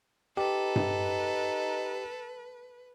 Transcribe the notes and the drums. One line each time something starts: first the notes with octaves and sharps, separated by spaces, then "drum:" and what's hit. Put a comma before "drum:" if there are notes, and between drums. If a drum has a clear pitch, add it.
D#4 G4 A4 B4
drum: tom G2